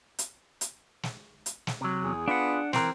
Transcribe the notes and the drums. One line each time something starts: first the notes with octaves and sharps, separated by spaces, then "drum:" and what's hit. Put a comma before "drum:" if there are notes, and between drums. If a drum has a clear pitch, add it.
drum: hi-hat
drum: hi-hat
drum: snare
drum: hi-hat
drum: snare
C3 F#3
E2 G#4
B3 D4 F4 F#5
E3 C4 A#4, drum: snare